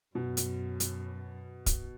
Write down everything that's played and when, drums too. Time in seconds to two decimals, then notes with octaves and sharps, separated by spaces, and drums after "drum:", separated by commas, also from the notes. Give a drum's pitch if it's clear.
0.15 F#2 B2
0.37 drum: hi-hat
0.80 drum: hi-hat
1.66 drum: kick, hi-hat